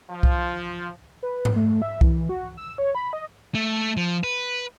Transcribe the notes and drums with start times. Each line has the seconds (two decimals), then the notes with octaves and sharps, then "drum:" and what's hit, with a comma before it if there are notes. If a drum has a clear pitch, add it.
0.10 F3
0.23 drum: kick C2
1.23 B4
1.45 drum: tom G#2
1.56 A3
1.82 E5
2.01 E3, drum: kick C2
2.29 F#4
2.57 E6
2.78 C#5
2.95 B5
3.13 D#5
3.55 A3
3.97 F3
4.24 B4